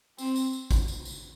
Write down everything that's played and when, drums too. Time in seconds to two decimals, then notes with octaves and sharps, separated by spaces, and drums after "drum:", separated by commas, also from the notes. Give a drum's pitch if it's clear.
0.18 C4, drum: tambourine
0.36 drum: tambourine
0.53 drum: tambourine
0.71 drum: kick, tambourine
0.88 drum: tambourine
1.05 drum: tambourine